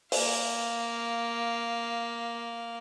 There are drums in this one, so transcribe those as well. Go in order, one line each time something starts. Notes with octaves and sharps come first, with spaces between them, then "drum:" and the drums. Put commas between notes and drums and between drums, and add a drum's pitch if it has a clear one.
A#3 F5, drum: open hi-hat